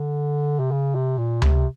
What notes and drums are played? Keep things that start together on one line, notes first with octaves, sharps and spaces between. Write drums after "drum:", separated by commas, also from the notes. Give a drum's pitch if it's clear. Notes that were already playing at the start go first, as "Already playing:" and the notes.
Already playing: D3
C3
C#3
C3
A#2
C3, drum: tom C#2